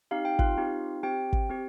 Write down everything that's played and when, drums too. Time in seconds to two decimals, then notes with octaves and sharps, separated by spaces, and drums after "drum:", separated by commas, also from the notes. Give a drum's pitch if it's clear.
0.11 C4 D#4 G4 F5
0.25 G5
0.39 F4 F5, drum: kick
0.57 C4 D#4 G4
1.03 C4 G4 G5
1.33 drum: kick
1.50 C4 G4